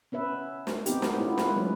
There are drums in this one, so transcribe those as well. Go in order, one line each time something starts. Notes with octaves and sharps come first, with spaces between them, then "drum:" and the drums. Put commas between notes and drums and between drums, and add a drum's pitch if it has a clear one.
B3 C#4 B4 E5
drum: snare
B3 C4 D#4 G4, drum: hi-hat
drum: snare
A3 B3 C#4 E4 F4
G#3 B4, drum: snare
F#3 G#3 A#3 C#4 B4